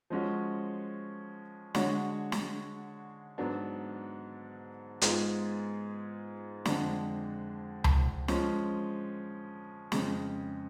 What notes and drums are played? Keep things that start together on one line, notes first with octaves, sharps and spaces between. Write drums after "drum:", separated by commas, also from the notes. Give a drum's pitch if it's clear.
F3 G#3 C#4 F#4 C#5
D3 G#3 D4 F#4 C#5, drum: snare
drum: snare
G#2 F#3 B3 D4
G#2 G#3 B3 F4 G#4, drum: hi-hat
F2 D3 G#3 D4, drum: snare
drum: tom C#2
F3 G#3 C#4, drum: snare
F2 C#3 G#3, drum: snare